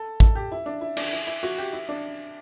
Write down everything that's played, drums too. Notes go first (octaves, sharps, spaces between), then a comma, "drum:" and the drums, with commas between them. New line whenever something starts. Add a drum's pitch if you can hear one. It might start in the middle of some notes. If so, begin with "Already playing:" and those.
Already playing: A4
A4, drum: kick
G4
E4
D4
E4
D4, drum: cymbal
E4
E4
F#4
G4
E4
D4